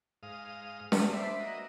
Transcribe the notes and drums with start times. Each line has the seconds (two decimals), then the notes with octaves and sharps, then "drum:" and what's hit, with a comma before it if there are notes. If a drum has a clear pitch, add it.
0.23 G#2 F5 D#6
0.92 drum: snare
1.11 B4 C5 D5 E5
1.39 A#3 F#4 D#5